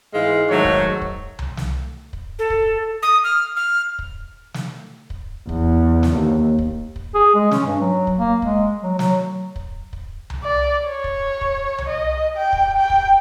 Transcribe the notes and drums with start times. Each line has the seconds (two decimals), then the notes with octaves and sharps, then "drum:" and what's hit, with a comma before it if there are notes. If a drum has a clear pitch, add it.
0.14 G#2 E3 G#3 F5
0.50 G#2 D#3 F#3 A3 C#5
0.64 drum: kick
1.02 drum: kick
1.39 drum: tom C2
1.57 drum: snare
2.13 drum: kick
2.39 A4
2.50 drum: kick
3.03 D#6
3.24 F6
3.56 F6
3.99 drum: kick
4.54 drum: snare
5.10 drum: kick
5.49 E2, drum: kick
6.03 drum: snare
6.16 D#2
6.59 drum: kick
6.96 drum: kick
7.15 G#4
7.35 G#3
7.51 C#4, drum: snare
7.67 G2
7.80 F#3
8.07 drum: kick
8.17 A#3
8.42 G#3, drum: kick
8.83 F#3
8.99 F#3, drum: snare
9.56 drum: kick
9.93 drum: kick
10.30 drum: tom C2
10.44 D5
10.87 C#5
11.04 drum: kick
11.41 drum: kick
11.78 drum: tom C2
11.89 D#5
12.37 G5
12.53 drum: kick
12.78 G5
12.90 drum: kick